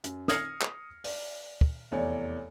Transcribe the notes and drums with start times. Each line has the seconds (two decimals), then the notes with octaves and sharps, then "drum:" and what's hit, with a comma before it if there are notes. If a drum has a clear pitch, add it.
0.04 F#2, drum: hi-hat
0.28 D#6 F6 G#6 A#6 C7 C#7, drum: snare
0.61 drum: clap
1.04 D5, drum: open hi-hat
1.61 drum: kick
1.91 F1 E2 C#5 D5